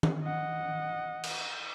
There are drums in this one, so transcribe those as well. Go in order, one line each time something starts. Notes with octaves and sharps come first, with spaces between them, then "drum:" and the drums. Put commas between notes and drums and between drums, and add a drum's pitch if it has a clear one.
drum: tom D#3
D#5 F#5
drum: cymbal